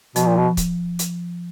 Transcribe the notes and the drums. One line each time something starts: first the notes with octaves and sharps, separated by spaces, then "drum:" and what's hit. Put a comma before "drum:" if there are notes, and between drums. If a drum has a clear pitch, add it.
B2 F3, drum: hi-hat
A#2
B2
drum: kick C#1, hi-hat
drum: hi-hat